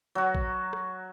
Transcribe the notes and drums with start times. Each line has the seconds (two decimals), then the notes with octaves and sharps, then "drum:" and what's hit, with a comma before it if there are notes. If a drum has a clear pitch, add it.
0.15 F#3 F#4
0.35 drum: kick A1
0.73 drum: rim click